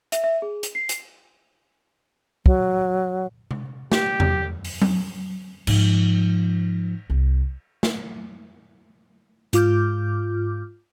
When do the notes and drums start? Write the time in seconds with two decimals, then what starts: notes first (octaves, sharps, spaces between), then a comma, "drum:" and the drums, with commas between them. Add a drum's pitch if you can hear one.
0.12 E5, drum: hi-hat
0.24 E5
0.42 G#4
0.63 drum: hi-hat
0.75 C7
0.89 drum: hi-hat
2.46 F#3, drum: kick
3.51 drum: tom C3
3.92 G4, drum: snare
4.20 drum: tom E2
4.64 drum: open hi-hat
4.82 drum: tom F#3
5.67 G#2 F3, drum: cymbal
7.10 C2
7.83 drum: snare
9.53 G#2 F4 D6 F6 G6, drum: hi-hat